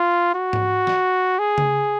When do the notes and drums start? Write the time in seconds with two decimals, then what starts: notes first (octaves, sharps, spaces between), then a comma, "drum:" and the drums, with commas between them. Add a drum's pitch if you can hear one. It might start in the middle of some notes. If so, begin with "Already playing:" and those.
Already playing: F4
0.34 F#4
0.53 drum: tom G#2
0.87 drum: snare
1.39 G#4
1.58 drum: tom C#3